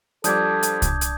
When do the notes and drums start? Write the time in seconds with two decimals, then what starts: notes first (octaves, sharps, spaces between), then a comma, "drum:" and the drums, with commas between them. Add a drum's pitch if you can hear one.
0.24 F3 G3 D4 A4 D6 D#6 G6 G#6, drum: hi-hat
0.63 drum: hi-hat
0.82 drum: kick C2, hi-hat
1.01 drum: hi-hat